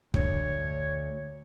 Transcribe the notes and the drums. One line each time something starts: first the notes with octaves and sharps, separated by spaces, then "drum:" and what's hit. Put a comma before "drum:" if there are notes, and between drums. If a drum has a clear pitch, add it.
D2 C#5, drum: kick